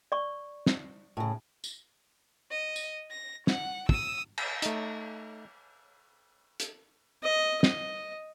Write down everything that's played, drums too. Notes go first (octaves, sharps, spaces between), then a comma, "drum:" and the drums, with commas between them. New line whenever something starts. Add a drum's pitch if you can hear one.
D5 C#6
drum: snare
A2 C#3
drum: tambourine
D#5
drum: tambourine
A#6
F#5, drum: snare
D#6 E6, drum: kick
drum: cymbal
A3 D#4, drum: hi-hat
drum: hi-hat
D#5
D#5, drum: snare